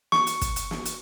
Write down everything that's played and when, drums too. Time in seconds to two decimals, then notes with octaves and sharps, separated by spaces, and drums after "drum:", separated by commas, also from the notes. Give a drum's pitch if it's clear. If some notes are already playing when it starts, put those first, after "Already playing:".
0.12 C#6, drum: snare
0.27 drum: hi-hat
0.42 drum: kick, hi-hat
0.56 drum: hi-hat
0.71 drum: snare
0.86 drum: hi-hat